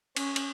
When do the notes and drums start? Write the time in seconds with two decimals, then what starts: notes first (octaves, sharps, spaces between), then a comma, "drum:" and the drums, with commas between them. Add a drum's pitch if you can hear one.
0.16 C#4, drum: cymbal
0.36 drum: cymbal